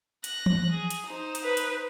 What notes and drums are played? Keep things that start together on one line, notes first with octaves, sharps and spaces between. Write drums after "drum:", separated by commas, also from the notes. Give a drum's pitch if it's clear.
F#6 A#6, drum: hi-hat
drum: tom E3
G#4
drum: hi-hat
D#4 C5
drum: hi-hat
B4
drum: hi-hat